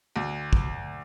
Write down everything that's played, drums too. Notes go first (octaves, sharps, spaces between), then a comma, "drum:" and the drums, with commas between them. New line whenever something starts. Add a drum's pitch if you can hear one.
D2
drum: kick